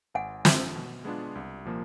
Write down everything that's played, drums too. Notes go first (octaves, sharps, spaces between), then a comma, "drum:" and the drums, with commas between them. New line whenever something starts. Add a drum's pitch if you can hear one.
G#1 F#5 G#5
F#2 D3 F3, drum: snare
B2
G#3 B3 D4 F4
C2
A#2 F3 A#3